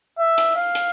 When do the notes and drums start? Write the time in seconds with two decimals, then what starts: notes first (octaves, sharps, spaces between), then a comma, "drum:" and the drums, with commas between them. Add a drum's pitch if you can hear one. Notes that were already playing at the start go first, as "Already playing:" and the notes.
0.19 E5
0.38 drum: hi-hat
0.56 F5
0.75 drum: hi-hat